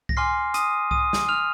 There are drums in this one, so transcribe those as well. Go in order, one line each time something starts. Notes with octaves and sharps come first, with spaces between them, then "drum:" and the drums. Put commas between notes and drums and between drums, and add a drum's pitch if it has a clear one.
A#6, drum: kick C2
G#5 C6 D6 F6 C7
D#6 D#7, drum: hi-hat
D#6 D#7, drum: kick C2
drum: snare
F6 F7